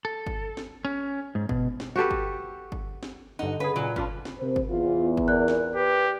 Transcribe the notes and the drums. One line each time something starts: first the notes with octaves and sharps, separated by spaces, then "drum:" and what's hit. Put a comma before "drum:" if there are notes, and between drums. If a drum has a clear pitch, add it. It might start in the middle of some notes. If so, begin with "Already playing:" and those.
A4
drum: kick G1
drum: snare
C#4
G#2
B2, drum: kick G1
drum: snare
F#4 G4 A4 B4
drum: kick G1
drum: kick G1
drum: snare
G2 D3 D#4 F#5
C#3 G#4 B4
A#2 F#3
C#4 D4 F4 B4, drum: kick G1
drum: snare
C3 A#4 C5
drum: kick G1
E2 F4
drum: kick G1
A#4 D5 F#6
drum: snare
G4 B4